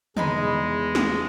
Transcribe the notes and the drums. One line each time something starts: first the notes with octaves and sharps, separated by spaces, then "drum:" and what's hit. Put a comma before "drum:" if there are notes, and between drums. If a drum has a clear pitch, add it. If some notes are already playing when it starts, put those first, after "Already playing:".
E2 G#3 D#4 G#5 B5, drum: tom
drum: snare